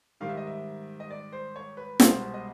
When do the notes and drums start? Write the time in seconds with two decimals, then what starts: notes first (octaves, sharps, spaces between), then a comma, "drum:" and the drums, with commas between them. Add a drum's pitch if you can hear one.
0.20 G#2 D#3 G3 F5
0.29 E5
0.37 D#5
0.47 E5
1.00 D#5
1.11 D5
1.32 C5
1.56 C#5
1.77 B4
2.00 C2 B2 G#3 C5, drum: snare
2.34 D#5